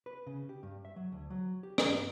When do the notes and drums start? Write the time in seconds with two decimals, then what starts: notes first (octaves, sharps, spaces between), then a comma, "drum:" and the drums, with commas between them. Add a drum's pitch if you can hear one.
0.06 B4
0.27 C#3
0.49 G4
0.63 G2
0.85 E5
0.96 F#3
1.12 D2
1.30 F#3
1.63 G4
1.78 drum: rim click
1.88 G2